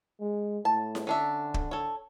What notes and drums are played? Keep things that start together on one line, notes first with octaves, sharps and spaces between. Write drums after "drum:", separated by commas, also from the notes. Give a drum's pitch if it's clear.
G#3
A2 A5
drum: snare E4
D3 C#4 D4 E5
drum: kick
A4 C#5